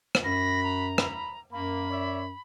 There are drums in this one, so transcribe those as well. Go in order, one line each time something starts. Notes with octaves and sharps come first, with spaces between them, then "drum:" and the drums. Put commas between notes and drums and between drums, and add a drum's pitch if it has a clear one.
drum: rim click
F#2 F#4 B5 A#6
A#5
B5, drum: rim click
F#2 A#3 B5
C#5 D5 E5